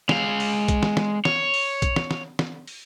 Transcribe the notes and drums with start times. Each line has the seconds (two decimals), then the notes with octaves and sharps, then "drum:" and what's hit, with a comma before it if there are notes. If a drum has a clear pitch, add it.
0.09 G#3 F5, drum: snare
0.40 drum: open hi-hat
0.68 drum: kick, hi-hat
0.83 drum: snare
0.97 drum: snare
1.25 C#5, drum: snare
1.54 drum: open hi-hat
1.82 drum: kick, hi-hat
1.96 drum: snare
2.11 drum: snare
2.39 drum: snare
2.68 drum: open hi-hat